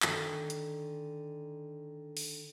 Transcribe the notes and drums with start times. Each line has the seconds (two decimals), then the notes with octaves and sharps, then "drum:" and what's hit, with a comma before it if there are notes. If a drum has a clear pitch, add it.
0.02 D3 D#3 G#5, drum: clap
0.50 drum: hi-hat
2.17 drum: open hi-hat